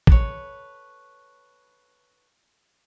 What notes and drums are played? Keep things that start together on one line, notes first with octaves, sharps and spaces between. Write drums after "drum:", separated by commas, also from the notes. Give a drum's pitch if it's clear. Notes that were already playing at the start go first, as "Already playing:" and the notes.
A4 B4 C#5, drum: kick